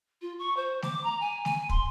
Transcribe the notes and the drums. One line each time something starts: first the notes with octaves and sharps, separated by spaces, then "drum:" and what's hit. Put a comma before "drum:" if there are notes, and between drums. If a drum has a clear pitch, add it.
F4
C#6
C5
D6, drum: snare A3
A#5
G#5
G#5, drum: snare A3
C6, drum: kick